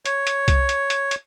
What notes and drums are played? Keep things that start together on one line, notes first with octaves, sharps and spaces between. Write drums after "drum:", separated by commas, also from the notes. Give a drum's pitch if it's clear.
C#5, drum: hi-hat
drum: hi-hat
drum: kick C2, hi-hat
drum: hi-hat
drum: hi-hat
drum: hi-hat